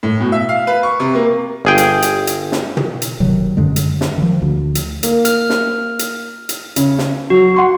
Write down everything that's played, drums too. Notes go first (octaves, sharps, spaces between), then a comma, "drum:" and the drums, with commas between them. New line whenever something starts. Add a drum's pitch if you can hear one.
A2
B2
E5
F5
B4
C#6
C3
A#3
G1 G#4 G5
drum: hi-hat
drum: hi-hat
drum: hi-hat
drum: snare
drum: tom
drum: hi-hat
F#1 C3 D#3 F#3
F#2 D3 G#3
drum: hi-hat
drum: snare
D#3 F3
D2
drum: hi-hat
A#3, drum: hi-hat
F6, drum: hi-hat
drum: snare
drum: hi-hat
drum: hi-hat
C#3 C#4, drum: hi-hat
drum: snare
F#3 F#4
F#5 C6 C#6